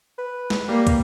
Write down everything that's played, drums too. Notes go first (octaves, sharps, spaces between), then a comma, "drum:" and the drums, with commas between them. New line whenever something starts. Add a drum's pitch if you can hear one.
B4
drum: snare
G3 A#3
drum: kick, hi-hat